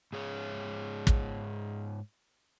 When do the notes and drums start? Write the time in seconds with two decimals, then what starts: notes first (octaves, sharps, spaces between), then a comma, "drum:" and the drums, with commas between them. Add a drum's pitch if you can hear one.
0.13 G#2 G#4 C#5
1.07 drum: kick